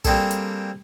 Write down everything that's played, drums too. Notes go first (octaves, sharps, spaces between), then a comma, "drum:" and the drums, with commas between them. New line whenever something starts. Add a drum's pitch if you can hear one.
G3 A#3 C4 D4 G#4 A4, drum: kick, hi-hat
drum: hi-hat